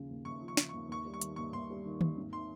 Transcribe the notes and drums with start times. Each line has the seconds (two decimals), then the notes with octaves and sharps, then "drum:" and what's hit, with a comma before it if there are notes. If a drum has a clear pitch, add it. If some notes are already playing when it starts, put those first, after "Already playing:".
Already playing: D#2 C#3 F3
0.10 D#2
0.25 D#2 C#6
0.41 F3
0.48 C#6
0.57 C#3, drum: snare
0.69 D#2 C#6
0.89 D#2 C#6
1.05 G3
1.14 C#6
1.21 D#3, drum: hi-hat
1.36 D#2 C#6
1.53 D#2 C6
1.70 G3
1.85 D#3
2.01 D#2, drum: tom D#3
2.17 G#1
2.32 D#3 C6